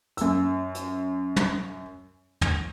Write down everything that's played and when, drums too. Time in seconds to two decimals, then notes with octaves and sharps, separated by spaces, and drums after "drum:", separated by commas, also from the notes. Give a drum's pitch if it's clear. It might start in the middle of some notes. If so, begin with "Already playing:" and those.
0.17 F#2 E6, drum: hi-hat
0.75 drum: hi-hat
1.36 drum: tom
2.41 drum: tom